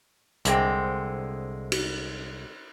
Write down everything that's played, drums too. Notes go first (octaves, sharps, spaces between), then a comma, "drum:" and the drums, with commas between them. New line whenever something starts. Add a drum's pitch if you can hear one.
C2 D3 G#3 C4, drum: hi-hat
drum: cymbal